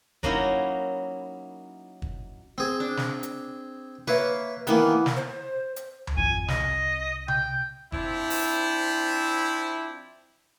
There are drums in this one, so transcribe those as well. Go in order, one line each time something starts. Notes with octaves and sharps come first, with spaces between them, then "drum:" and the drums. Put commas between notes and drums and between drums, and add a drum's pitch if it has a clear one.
F#3 A#3 C#4 D#4 E4, drum: kick
drum: kick
C4 G#4
D4
drum: snare
drum: hi-hat
A#3 B4 C#5 E5
D#3 E3 A#3 B3, drum: hi-hat
drum: snare
C5
drum: hi-hat
drum: tom C#2
G#1 F2 G#5
C2 D#5, drum: snare
G5, drum: tom C3
F3 C4 D4 E4, drum: kick
drum: open hi-hat